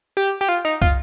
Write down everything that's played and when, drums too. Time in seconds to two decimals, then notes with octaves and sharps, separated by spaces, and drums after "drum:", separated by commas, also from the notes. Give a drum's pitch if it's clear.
0.17 G4
0.41 G4
0.49 F4
0.65 D#4
0.82 F4, drum: kick